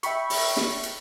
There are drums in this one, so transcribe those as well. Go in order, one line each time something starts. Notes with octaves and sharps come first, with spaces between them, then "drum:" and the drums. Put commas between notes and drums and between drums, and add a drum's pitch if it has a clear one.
E5 G5 B5 C#6, drum: hi-hat
drum: open hi-hat
drum: snare
drum: hi-hat